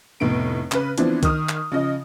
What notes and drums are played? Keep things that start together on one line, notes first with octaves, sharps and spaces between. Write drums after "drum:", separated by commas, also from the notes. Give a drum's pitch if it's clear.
F1 A2 B3 D7
C#3 B4, drum: clap
E3 F3 B3 C4 D4, drum: hi-hat
D#3 D#6 F6, drum: kick C2, hi-hat
drum: clap
C#3 F3 D#5